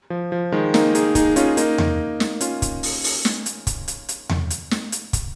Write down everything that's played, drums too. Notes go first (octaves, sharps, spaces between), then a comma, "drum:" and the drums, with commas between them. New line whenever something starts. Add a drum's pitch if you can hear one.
F3
F3
D#3 G#3
A#3 D#4, drum: snare
D#4 G#4, drum: hi-hat
D#4 G#4, drum: kick, hi-hat
C#4 F4, drum: hi-hat
A#3 D#4, drum: hi-hat
drum: tom E2
drum: snare
C#4 F4, drum: hi-hat
drum: kick, hi-hat
drum: open hi-hat
drum: open hi-hat
drum: snare
drum: hi-hat
drum: kick, hi-hat
drum: hi-hat
drum: hi-hat
drum: tom E2
drum: hi-hat
drum: snare
drum: hi-hat
drum: kick, hi-hat